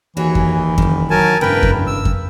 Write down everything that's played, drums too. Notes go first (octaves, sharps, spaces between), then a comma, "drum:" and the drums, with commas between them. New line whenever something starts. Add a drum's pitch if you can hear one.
D#2 E3 F#4 G#4 C#5
drum: kick F2
F#1 D#3 E4, drum: kick F2
F#3 A#4 G#5 A5
E1 G2 C#3 A3 A#4 B4 G5
drum: kick F2
E6
drum: kick F2